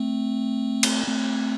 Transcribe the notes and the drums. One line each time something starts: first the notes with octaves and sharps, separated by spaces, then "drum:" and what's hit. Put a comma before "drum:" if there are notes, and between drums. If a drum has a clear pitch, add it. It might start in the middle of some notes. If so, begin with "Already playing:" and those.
Already playing: A3 C4
drum: cymbal
A3 C4